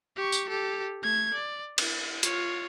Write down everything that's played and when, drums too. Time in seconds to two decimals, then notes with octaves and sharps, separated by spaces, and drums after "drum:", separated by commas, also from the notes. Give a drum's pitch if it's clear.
0.16 G4 C#6
0.32 drum: tambourine
0.49 G4 A4
1.03 A3 G#6
1.34 D5
1.78 E4, drum: cymbal
2.23 F4 C#5, drum: hi-hat